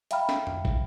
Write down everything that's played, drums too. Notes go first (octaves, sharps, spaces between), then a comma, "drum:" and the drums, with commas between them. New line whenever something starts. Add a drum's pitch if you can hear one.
E5 F5 G5 A#5 B5 F6, drum: hi-hat
drum: snare
drum: tom F2
drum: kick